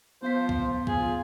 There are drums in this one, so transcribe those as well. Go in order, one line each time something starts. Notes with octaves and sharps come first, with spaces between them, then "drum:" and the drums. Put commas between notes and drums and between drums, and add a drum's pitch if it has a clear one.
F3 B3 C5 F5 B6
drum: kick
F4 G#4, drum: kick